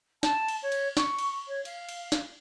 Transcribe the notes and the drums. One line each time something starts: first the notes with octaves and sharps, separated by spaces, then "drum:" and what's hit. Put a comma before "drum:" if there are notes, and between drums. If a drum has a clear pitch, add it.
A5, drum: snare
drum: cymbal
C#5
drum: cymbal
C#6, drum: snare
drum: cymbal
C#5
F5, drum: cymbal
drum: cymbal
drum: snare